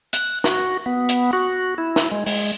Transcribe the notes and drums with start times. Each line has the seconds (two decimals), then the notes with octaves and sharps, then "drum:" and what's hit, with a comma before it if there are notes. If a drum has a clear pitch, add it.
0.13 F#6, drum: hi-hat
0.44 F#4, drum: snare
0.86 B3
1.09 drum: hi-hat
1.33 F#4
1.78 E4
1.96 drum: snare
2.12 G#3
2.26 G#3, drum: open hi-hat